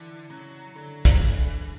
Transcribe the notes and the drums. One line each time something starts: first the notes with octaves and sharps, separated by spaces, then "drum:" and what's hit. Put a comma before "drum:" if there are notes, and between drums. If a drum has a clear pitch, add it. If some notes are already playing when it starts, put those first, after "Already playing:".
Already playing: D3 E3
C#3 F#3
D3 F#3
drum: kick, hi-hat
D3 E3